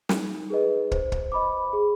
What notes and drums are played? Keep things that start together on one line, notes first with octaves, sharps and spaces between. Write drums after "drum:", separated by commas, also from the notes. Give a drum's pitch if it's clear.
D#4, drum: snare
G#4 B4 D#5
C5, drum: kick
drum: kick
D#5 B5 D6
G#4